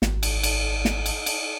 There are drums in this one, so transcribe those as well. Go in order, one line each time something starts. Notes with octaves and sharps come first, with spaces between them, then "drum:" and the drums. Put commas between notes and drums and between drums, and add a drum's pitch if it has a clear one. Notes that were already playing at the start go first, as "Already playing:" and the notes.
G#1, drum: snare
drum: cymbal
drum: cymbal
drum: snare
drum: cymbal
drum: cymbal